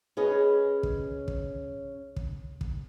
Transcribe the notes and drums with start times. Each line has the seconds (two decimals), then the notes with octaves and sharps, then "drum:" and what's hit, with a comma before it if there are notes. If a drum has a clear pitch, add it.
0.17 C#4 G#4 B4 D#5
0.83 drum: kick
1.28 drum: kick
2.16 drum: kick
2.61 drum: kick